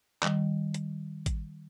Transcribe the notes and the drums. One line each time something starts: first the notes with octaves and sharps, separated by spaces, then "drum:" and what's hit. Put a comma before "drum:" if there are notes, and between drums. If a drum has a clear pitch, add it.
D#3 G3, drum: clap
drum: hi-hat
drum: kick, hi-hat